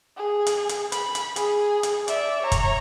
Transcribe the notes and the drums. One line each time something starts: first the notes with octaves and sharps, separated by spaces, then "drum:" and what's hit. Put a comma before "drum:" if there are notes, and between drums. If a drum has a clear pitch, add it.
G#4
drum: hi-hat
drum: hi-hat
B5, drum: hi-hat
drum: hi-hat
G#4, drum: hi-hat
drum: hi-hat
D5 E5, drum: hi-hat
C#5 A#5
drum: kick, hi-hat